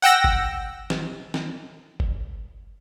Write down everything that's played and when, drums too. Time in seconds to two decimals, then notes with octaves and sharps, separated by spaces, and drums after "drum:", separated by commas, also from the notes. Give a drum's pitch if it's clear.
0.02 F#5 G5 E6 A#6
0.24 drum: kick G1
0.90 drum: snare
1.34 drum: snare
2.00 drum: kick G1